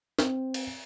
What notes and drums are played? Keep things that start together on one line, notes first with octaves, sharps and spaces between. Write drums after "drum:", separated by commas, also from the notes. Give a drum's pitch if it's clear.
C4, drum: snare
drum: cymbal